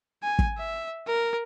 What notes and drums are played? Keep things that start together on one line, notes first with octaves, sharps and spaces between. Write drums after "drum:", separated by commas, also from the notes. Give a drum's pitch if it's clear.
G#5
drum: kick
E5
A#4